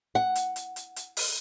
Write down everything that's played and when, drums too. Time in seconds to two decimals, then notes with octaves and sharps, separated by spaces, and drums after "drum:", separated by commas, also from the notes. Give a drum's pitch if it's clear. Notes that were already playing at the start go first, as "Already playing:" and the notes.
0.15 F#5
0.35 drum: hi-hat
0.56 drum: hi-hat
0.76 drum: hi-hat
0.96 drum: hi-hat
1.17 drum: open hi-hat